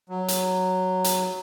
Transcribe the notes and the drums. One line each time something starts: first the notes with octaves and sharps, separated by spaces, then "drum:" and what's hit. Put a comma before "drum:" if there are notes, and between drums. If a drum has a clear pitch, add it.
F#3
drum: hi-hat
drum: hi-hat